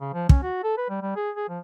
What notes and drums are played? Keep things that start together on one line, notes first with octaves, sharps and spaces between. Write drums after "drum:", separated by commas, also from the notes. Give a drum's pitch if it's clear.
C#3
F3
C#4, drum: kick
F#4
A4
B4
G3
G3
G#4
G#4
F3